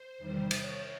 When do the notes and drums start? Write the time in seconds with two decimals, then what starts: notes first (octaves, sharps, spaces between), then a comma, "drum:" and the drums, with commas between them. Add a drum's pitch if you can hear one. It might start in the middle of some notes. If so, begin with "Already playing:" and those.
Already playing: C5
0.18 E2 C3 D#3 G3
0.51 C#5, drum: cymbal